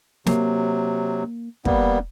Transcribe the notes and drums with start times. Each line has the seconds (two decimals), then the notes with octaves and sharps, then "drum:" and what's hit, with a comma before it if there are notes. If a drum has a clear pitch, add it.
0.27 C3 F#3 A#3, drum: snare
1.65 G3 A#3 B3, drum: kick